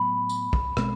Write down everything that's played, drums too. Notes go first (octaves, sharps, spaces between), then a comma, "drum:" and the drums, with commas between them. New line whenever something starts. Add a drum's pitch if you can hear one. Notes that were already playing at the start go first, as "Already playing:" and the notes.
Already playing: A2 F#3 B3 B5
drum: tambourine
drum: kick
B2 G#3 C4, drum: rim click